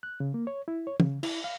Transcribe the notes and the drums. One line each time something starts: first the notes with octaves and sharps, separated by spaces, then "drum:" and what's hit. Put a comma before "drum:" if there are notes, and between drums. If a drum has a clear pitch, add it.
F#6
C#3
A#3
C#5
E4
C#5
C#3, drum: tom
E4, drum: cymbal
F5